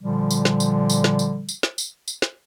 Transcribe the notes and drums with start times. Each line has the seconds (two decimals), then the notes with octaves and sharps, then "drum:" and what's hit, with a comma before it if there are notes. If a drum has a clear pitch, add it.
0.01 A#2 D3 F3 G3
0.31 drum: tambourine
0.45 drum: snare
0.60 drum: tambourine
0.90 drum: tambourine
1.04 drum: snare
1.19 drum: tambourine
1.49 drum: tambourine
1.63 drum: snare
1.78 drum: tambourine
2.08 drum: tambourine
2.22 drum: snare